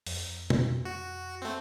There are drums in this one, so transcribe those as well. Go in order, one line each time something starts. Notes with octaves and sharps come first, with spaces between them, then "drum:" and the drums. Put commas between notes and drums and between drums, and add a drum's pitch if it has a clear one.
F2, drum: open hi-hat
drum: tom B2
F#4
A3 C4